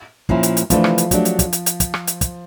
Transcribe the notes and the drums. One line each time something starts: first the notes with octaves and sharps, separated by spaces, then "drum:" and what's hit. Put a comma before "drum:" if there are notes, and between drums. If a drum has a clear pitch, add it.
A#2 F3 A#3 C#4 E4, drum: kick
drum: hi-hat
drum: hi-hat
C3 E3 F3 A3 D4, drum: kick, hi-hat
drum: rim click
drum: hi-hat
F#3 A3 D4 G4, drum: kick, hi-hat
drum: hi-hat
drum: kick, hi-hat
drum: hi-hat
drum: hi-hat
drum: kick, hi-hat
drum: rim click
drum: hi-hat
drum: kick, hi-hat